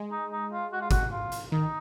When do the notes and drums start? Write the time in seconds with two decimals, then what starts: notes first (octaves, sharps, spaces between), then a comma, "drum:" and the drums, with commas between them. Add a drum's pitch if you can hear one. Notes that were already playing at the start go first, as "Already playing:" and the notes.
Already playing: G#3
0.11 D#4
0.32 D#4
0.52 F4
0.72 F#4
0.81 F4
0.91 F#4, drum: kick, hi-hat
1.12 F4
1.32 drum: hi-hat
1.52 D#3 D#4